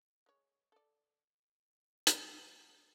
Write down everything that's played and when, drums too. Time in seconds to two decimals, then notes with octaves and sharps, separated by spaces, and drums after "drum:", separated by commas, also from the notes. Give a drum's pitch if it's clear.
0.26 G#3 C#5
0.72 A4 D5
2.07 drum: hi-hat